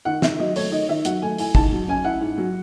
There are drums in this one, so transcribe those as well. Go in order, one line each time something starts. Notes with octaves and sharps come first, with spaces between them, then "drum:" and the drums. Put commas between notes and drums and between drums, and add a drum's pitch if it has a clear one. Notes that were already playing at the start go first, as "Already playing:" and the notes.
D#3 F#5
D#3 E5, drum: snare
F#3 D#5
A3 C#5, drum: open hi-hat
D#3 D#5
D#3 E5
F#3 F#5, drum: hi-hat
A3 G#5
E4 G#5, drum: open hi-hat
G#2 A5, drum: kick
F#3
C#4 G#5
E4 F#5
G#2
F#3